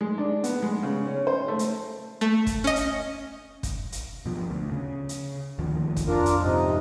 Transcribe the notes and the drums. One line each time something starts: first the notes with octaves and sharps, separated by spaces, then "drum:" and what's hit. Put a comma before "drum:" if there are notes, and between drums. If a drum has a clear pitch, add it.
G#3
D4
B3, drum: hi-hat
G#3
C#3
C#4
C5
A3
drum: hi-hat
A3
drum: kick, hi-hat
C#4 D#5
drum: hi-hat
drum: kick, hi-hat
drum: hi-hat
B2 F3
D2
C#3
drum: hi-hat
D2 D#3 F3
drum: kick, hi-hat
F2 D4 F4 A#4
drum: hi-hat
F2 G#2 C3 D#4